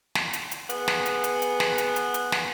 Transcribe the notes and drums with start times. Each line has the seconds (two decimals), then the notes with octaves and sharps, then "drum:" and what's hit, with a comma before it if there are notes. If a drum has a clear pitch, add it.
0.15 drum: snare
0.33 drum: hi-hat
0.51 drum: hi-hat
0.70 B3 G#4, drum: hi-hat
0.88 drum: snare
1.06 drum: hi-hat
1.24 drum: hi-hat
1.42 drum: hi-hat
1.60 drum: snare
1.78 drum: hi-hat
1.96 drum: hi-hat
2.14 drum: hi-hat
2.32 drum: snare